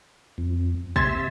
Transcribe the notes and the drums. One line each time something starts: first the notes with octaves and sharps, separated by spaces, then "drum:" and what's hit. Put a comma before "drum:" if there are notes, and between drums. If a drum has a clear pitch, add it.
F2
C3 E5 C6 G#6 A6, drum: kick